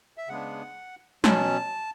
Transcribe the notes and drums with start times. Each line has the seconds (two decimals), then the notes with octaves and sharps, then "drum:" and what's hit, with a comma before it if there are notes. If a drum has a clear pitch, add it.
0.18 E5
0.28 C#3 G#3 B3 D4 F#5
1.24 B2 F#3 C#4 A5, drum: snare